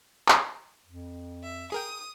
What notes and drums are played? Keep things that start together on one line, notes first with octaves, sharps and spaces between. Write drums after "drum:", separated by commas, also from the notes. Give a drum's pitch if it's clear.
drum: clap
F2
E5
G#4 A#4 G5 D#6